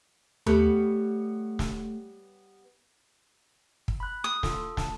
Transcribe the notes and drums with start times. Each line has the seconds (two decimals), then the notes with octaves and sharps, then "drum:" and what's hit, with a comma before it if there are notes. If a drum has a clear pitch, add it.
0.47 G3 A3 B3 C#5, drum: tom D#2
1.59 drum: snare
3.88 drum: kick
4.00 B5 F#6
4.24 D#6
4.43 F4 A4, drum: snare
4.77 A5, drum: snare